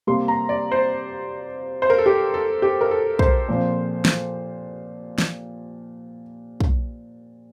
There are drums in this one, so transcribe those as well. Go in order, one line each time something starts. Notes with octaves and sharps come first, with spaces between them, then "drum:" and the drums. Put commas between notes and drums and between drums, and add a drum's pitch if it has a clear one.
C3 G3 A#3 C6
A#5
D5
C5
C5
A#4
A4
G4
A4
G4
A#4
A4
C5, drum: kick
A#2 F3 C4
drum: snare
drum: snare
drum: kick